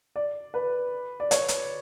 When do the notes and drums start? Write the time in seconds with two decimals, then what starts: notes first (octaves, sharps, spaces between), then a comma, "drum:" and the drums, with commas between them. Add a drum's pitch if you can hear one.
0.16 D5
0.54 B4
1.20 D5
1.31 C#5, drum: hi-hat
1.48 drum: hi-hat